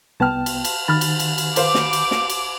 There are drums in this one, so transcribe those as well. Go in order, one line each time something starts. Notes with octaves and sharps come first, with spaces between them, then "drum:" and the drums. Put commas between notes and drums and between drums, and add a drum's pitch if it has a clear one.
C2 B3 G5 A5 F6
drum: cymbal
drum: cymbal
D#3 B5 F6 A6
drum: cymbal
drum: cymbal
drum: cymbal
B4 C5 F5 D6, drum: cymbal
drum: snare
drum: cymbal
drum: snare
drum: cymbal